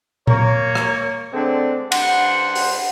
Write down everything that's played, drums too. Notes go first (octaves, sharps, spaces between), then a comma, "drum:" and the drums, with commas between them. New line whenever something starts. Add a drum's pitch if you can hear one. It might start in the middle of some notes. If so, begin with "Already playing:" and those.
A#3 A#4 C#5, drum: tom A#2
drum: rim click
D3 G#3 A3 C4 D4
G2 C5 F#5, drum: cymbal
drum: open hi-hat